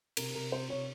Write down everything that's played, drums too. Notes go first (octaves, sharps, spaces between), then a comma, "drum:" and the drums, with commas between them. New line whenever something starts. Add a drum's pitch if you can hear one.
C3 A#4, drum: cymbal
C3 A#4
C3 C5
C3 C#5